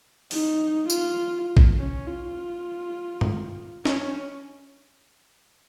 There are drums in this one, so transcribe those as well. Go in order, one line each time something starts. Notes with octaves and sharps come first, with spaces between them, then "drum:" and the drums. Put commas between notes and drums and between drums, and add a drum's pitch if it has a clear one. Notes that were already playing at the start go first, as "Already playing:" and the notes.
D#4, drum: open hi-hat
F4, drum: tambourine
drum: kick A1
C#4
F4
drum: tom G2
C#4, drum: snare